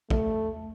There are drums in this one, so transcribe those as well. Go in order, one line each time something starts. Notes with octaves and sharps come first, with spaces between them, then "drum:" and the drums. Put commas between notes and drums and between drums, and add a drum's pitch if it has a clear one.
A3, drum: kick